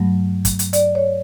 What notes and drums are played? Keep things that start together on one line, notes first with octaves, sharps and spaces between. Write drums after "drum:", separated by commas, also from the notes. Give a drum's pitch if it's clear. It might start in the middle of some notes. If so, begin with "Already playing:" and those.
Already playing: G2 F#3 A3
drum: kick, hi-hat
drum: hi-hat
D5, drum: hi-hat
C#5